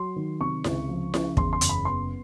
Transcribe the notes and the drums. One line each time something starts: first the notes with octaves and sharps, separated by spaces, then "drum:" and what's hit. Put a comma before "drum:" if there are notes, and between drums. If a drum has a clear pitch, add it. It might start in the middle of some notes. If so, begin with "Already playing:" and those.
Already playing: F#3 C6
D#3
C3 C#6
C#2, drum: snare E4
F3
C#3, drum: snare E4
E2 C6, drum: kick
C6
F#1, drum: hi-hat
B5
B3 C6